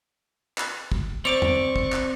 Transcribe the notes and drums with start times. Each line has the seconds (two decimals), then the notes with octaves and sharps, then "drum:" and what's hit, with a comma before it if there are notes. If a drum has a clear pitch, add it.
0.58 drum: clap
0.92 drum: kick
1.25 C4 C5 D5 C#6 D7 F7
1.42 drum: tom E2
1.76 drum: kick
1.92 drum: clap